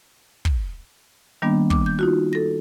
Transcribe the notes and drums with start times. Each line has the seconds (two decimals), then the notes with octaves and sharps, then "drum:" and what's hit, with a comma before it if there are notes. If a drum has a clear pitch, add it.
0.45 drum: kick
1.42 D#3 G3 A#3 B3 D4
1.70 D6, drum: kick
1.86 G6
1.99 D#4 F4 F#4
2.33 A4 A#6